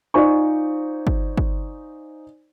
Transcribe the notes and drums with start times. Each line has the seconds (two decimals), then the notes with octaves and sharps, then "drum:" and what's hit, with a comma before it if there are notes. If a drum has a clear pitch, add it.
0.14 D#4 F4 C5 D5 G#5 C#6
1.07 drum: kick
1.37 drum: kick